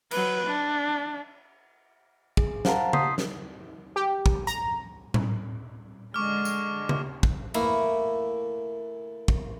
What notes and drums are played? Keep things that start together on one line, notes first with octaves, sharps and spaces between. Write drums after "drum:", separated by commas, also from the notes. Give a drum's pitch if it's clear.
F#3 B4, drum: cymbal
D4
G#4, drum: kick
C5 F5 F#5 A5 A#5, drum: snare
C6 D#6 G6 B6 C7, drum: tom C#3
drum: snare
G4
drum: kick
A#5, drum: hi-hat
drum: tom A2
D3 G#3 C#6 D6 F6
drum: tambourine
drum: tom C#3
drum: kick
A3 A#3 E4, drum: cymbal
drum: kick